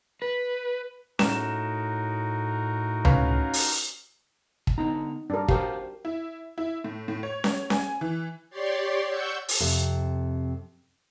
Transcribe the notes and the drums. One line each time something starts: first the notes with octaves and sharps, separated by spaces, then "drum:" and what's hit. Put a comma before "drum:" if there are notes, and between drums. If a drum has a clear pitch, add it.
B4
A2 D#4 F#4 A#4 E7, drum: snare C#4
C#4 B4 F5, drum: tom C#2
drum: open hi-hat
drum: kick
D3 B3 D#4 A#5
G2 D4 G4 A#4
F#4 G4 A#4 C5 F5, drum: kick
E4
E4
A2
A2
C#5
drum: snare C#4
G#5, drum: snare C#4
E3
G4 C#5 D5 C6
F#5 C#6 E6 G6
drum: open hi-hat
F2 C3